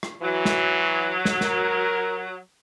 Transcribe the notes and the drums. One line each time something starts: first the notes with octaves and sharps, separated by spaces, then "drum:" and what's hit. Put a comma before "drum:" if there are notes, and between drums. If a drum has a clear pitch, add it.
drum: rim click
E3 F#3
drum: snare
drum: snare
A#4, drum: snare